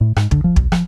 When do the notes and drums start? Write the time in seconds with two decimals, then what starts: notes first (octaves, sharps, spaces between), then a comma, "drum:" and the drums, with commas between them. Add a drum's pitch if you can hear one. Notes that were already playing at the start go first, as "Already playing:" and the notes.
0.01 A2
0.16 G#2, drum: rim click
0.31 D3, drum: kick
0.44 F3
0.56 B1, drum: kick
0.72 F3, drum: rim click